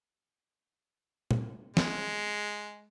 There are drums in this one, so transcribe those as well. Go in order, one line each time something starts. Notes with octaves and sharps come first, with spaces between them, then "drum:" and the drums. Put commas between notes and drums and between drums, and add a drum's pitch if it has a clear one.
drum: tom A#2
G#3, drum: snare